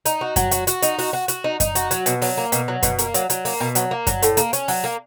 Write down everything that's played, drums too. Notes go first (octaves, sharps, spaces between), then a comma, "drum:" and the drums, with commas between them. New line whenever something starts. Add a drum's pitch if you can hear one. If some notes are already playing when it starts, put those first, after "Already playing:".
D#4, drum: hi-hat
F#4
F#3, drum: kick F#2, hi-hat
F#4, drum: hi-hat
F#4, drum: hi-hat
D#4, drum: hi-hat
F#4, drum: open hi-hat
F#4
F#4, drum: hi-hat
D#4
D#4, drum: kick F#2, hi-hat
F#4, drum: hi-hat
F#3, drum: hi-hat
B2, drum: hi-hat
F#3, drum: open hi-hat
A#3
B2, drum: hi-hat
F#3
B2, drum: kick F#2, hi-hat
A#3, drum: hi-hat
F#3, drum: hi-hat
F#3, drum: hi-hat
A#3, drum: open hi-hat
B2
F#3, drum: hi-hat
A#3
F#3, drum: kick F#2, hi-hat
A2, drum: hi-hat
A#3, drum: hi-hat
C#4, drum: hi-hat
F#3, drum: open hi-hat
A#3